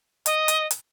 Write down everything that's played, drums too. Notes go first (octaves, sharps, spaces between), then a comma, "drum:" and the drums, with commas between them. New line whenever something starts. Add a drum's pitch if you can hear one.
D#5, drum: hi-hat
drum: hi-hat
drum: hi-hat